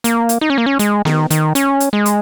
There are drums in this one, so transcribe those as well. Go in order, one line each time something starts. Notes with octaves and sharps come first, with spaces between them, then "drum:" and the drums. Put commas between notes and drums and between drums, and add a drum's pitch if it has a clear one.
A#3, drum: hi-hat
drum: hi-hat
D#4
C#4
A#3
C#4
G#3, drum: hi-hat
D#3, drum: snare B3
D#3, drum: hi-hat
C#4, drum: hi-hat
drum: hi-hat
G#3
drum: hi-hat